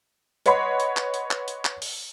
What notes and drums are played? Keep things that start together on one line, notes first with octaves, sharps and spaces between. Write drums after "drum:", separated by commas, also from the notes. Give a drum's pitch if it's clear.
B4 C#5 D#5 F#5 B5 C6, drum: hi-hat
drum: hi-hat
drum: clap
drum: hi-hat
drum: clap
drum: hi-hat
drum: clap
drum: open hi-hat